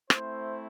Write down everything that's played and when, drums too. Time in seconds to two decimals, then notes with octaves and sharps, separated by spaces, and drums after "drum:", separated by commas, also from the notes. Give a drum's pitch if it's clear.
0.10 A3 C4 E4 C5, drum: rim click